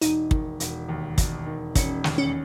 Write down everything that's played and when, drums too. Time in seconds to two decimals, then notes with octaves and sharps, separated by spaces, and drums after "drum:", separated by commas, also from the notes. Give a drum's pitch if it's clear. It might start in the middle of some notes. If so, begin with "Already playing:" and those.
0.02 E1 D#4, drum: hi-hat
0.31 D#3, drum: kick
0.60 E1, drum: hi-hat
0.89 D#2
1.18 E1, drum: kick, hi-hat
1.46 D#3
1.75 E1 C#4, drum: kick, hi-hat
2.04 D#2, drum: snare
2.18 C#4